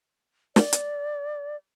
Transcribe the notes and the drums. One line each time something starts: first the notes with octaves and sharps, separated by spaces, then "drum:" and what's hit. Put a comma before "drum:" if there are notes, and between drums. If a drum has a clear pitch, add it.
D5, drum: snare
drum: hi-hat